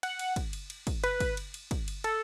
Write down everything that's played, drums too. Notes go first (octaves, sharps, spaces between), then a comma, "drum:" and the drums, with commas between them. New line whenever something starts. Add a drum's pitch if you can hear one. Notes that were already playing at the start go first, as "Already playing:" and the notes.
F#5, drum: cymbal
drum: cymbal
drum: kick, cymbal
drum: cymbal
drum: cymbal
drum: kick, cymbal
B4, drum: cymbal
drum: kick, cymbal
drum: cymbal
drum: cymbal
drum: kick, cymbal
drum: cymbal
A4, drum: cymbal